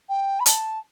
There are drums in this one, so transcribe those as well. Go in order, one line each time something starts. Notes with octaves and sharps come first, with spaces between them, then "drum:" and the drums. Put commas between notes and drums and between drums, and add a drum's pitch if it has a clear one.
G5
B5
A5, drum: hi-hat